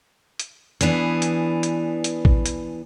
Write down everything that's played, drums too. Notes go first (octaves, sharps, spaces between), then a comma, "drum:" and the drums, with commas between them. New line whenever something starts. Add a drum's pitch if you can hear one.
drum: hi-hat
E3 B3 D4 G#4, drum: hi-hat
drum: hi-hat
drum: hi-hat
drum: hi-hat
drum: kick A1
drum: hi-hat